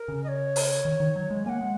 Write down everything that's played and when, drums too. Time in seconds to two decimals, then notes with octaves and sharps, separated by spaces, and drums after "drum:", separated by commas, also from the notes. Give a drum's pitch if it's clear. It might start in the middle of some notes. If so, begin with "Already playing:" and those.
Already playing: A#4
0.08 C#3
0.24 D#5
0.28 C#5
0.56 drum: open hi-hat
0.85 D#3
1.00 D#3
1.16 F#3
1.30 G#3
1.46 A#3 F#5 G#5
1.61 G#3